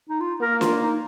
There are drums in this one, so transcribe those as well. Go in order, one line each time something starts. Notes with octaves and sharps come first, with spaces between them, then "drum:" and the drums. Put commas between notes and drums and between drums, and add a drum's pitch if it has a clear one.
D#4
F4
A#3 A#4
F4, drum: snare
D#4